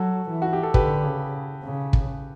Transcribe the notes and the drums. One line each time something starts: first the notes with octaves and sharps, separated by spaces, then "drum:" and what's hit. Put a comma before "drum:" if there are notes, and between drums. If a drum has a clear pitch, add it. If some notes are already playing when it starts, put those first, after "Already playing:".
Already playing: F#3 F#4 A4
E3
F#4
G4
A4
D3 G4 B4, drum: kick
C#3
C#3
drum: kick